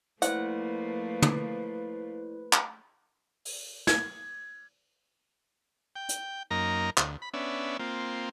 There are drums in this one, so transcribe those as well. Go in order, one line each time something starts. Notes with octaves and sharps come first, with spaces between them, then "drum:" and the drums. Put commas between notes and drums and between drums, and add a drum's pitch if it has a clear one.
F3 A3 A#3 E4 B4 C5 D5 F#5, drum: hi-hat
drum: tom
drum: clap
drum: open hi-hat
G#6, drum: snare
G5
drum: hi-hat
F#2 A#3 D#4 A#4 A#5
D2, drum: clap
B5
B3 C#4 D4 E5
A#3 C4 F4